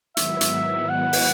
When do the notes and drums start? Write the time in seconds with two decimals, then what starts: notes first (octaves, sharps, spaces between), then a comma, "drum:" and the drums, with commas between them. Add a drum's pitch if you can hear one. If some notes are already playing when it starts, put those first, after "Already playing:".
0.17 G#2 D#3 F#3 B3 E4 E5, drum: hi-hat
0.41 drum: hi-hat
0.89 F#5
1.13 drum: open hi-hat